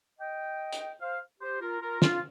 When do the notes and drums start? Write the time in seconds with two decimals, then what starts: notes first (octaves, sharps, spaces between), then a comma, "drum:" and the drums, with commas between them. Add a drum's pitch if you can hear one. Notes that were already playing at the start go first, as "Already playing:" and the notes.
0.19 D#5 G5
0.73 drum: hi-hat
1.00 C5 F5
1.41 G4 C5
1.61 F4 A#4
1.81 F4 A#4
2.02 F4, drum: snare